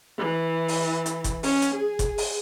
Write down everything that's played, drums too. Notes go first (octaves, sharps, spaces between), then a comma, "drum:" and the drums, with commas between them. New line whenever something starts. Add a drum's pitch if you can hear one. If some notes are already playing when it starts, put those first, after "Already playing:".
E3
drum: open hi-hat
drum: hi-hat
drum: kick F#1, hi-hat
C#4, drum: open hi-hat
drum: hi-hat
G#4
drum: kick F#1, hi-hat
drum: open hi-hat